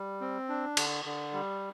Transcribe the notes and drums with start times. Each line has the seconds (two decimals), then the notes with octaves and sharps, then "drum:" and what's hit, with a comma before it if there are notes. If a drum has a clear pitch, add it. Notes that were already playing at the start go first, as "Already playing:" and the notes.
Already playing: G3
0.21 C4
0.49 D4
0.77 D3, drum: cymbal
1.05 D3
1.33 G3